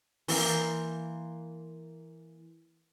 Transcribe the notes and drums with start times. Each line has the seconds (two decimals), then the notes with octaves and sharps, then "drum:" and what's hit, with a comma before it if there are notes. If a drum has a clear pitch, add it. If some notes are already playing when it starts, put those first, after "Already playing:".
0.28 E3 A#3 C5, drum: open hi-hat